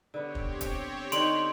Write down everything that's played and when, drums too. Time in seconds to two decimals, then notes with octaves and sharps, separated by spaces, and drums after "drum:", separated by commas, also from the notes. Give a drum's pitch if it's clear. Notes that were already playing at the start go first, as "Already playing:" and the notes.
0.14 D3 B3 C4 G4 C#5
0.35 drum: kick
0.61 drum: kick, hi-hat
1.12 D3 D#4 C6 D7 F7, drum: hi-hat